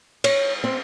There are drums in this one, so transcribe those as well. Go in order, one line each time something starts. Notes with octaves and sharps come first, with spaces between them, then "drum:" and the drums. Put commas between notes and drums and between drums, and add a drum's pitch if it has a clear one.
C#5, drum: cymbal
C4